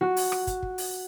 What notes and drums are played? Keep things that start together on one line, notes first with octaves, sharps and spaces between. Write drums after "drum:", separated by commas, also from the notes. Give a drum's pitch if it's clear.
F#4
drum: open hi-hat
drum: rim click
drum: kick, hi-hat
drum: kick
drum: open hi-hat